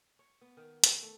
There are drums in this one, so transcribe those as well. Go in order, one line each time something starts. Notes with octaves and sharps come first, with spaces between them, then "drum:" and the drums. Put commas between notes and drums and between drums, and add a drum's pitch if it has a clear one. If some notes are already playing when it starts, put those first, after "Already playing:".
C#5
B3
D#3
drum: hi-hat
A3